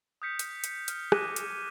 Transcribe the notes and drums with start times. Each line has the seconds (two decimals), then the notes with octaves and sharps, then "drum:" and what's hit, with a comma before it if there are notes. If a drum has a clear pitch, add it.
0.22 D#6 F6 G6 B6 C#7
0.39 drum: hi-hat
0.64 drum: hi-hat
0.88 F6 C#7, drum: hi-hat
1.12 D6 D#6 F#6 G#6 A#6 D#7, drum: rim click
1.36 drum: hi-hat